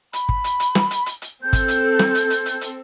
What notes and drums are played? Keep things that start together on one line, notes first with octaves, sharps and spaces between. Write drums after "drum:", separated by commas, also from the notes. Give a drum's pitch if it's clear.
B5, drum: hi-hat
drum: kick
drum: hi-hat
drum: hi-hat
drum: snare
drum: hi-hat
drum: hi-hat
drum: hi-hat
C4 A4 G6
drum: kick, hi-hat
drum: hi-hat
drum: snare
drum: hi-hat
drum: hi-hat
drum: hi-hat
drum: hi-hat